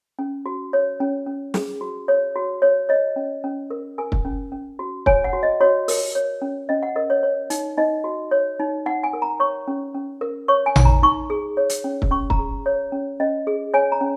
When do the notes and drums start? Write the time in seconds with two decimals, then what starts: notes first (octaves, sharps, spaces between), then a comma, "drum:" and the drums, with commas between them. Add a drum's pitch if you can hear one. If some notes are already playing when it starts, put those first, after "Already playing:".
0.19 C#4
0.46 F#4
0.73 C#5
1.00 C#4
1.27 C#4
1.54 G#4, drum: snare
1.81 F#4
2.08 C#5
2.36 F#4
2.62 C#5
2.89 C#5 D#5
3.16 C#4
3.44 C#4
3.70 A#4
3.98 A#4 G#5
4.12 drum: kick
4.25 C#4
4.52 C#4
4.79 F#4
5.06 C#5 G#5, drum: kick
5.24 F#5
5.33 F#4
5.43 D#5
5.61 F#4 C#5
5.88 A#4, drum: open hi-hat
6.15 C#5
6.42 C#4
6.69 C#4 D#5
6.83 F#5
6.96 A#4 D#5
7.10 C#5
7.23 C#5
7.50 D#4, drum: hi-hat
7.78 D#4 D#5
8.04 F#4
8.31 C#5
8.59 D#4
8.86 D#4 F#5
9.03 G#5
9.13 A#4
9.22 A#5
9.40 C#5 C#6
9.68 C#4
9.95 C#4
10.21 A#4
10.48 C#5 C#6
10.66 G#5
10.76 D#4, drum: tom A1
10.85 A#5
11.03 D#4 C#6
11.30 G#4
11.57 C#5
11.69 drum: hi-hat
11.84 C#4
12.02 drum: kick
12.11 C#4 C#6
12.30 A#5, drum: kick
12.39 G#4
12.66 C#5
12.92 C#4
13.20 C#4 D#5
13.47 G#4
13.74 C#5 G#5
13.92 A#5
14.01 C#4